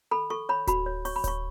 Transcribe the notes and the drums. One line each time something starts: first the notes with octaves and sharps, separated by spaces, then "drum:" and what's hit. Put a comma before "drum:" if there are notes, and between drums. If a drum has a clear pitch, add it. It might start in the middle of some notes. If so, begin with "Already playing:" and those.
A4 B5
A4 C#6
C#5 B5
F#4 B5, drum: kick D1, hi-hat
C#5
C#5 C#6, drum: open hi-hat
B5
C#5 C#6, drum: kick D1, hi-hat